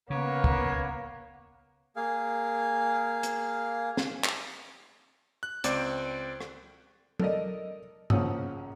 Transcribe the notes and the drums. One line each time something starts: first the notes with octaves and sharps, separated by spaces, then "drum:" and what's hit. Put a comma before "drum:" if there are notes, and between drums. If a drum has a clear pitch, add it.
C#3 A#3 B3 C#5
drum: kick
A#3 G#4 F5
drum: hi-hat
drum: snare
drum: clap
F#6
C#2 C4 D5 D6, drum: hi-hat
drum: rim click
A4 A#4 D5 D#5, drum: tom F#3
A#1 C#3 F3 C#4 F#5 D#6, drum: tom G2